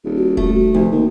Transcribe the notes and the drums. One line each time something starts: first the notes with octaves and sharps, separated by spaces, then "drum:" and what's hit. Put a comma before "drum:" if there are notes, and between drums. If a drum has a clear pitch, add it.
D#1 G#4
F#4
A3, drum: kick E1
F#4
F1 D2
D#3 A#3